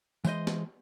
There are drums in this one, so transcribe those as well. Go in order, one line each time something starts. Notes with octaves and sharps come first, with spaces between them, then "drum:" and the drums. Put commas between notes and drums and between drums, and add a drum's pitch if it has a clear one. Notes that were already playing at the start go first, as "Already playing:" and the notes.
E3 G#3 C5 D#5, drum: tambourine
drum: snare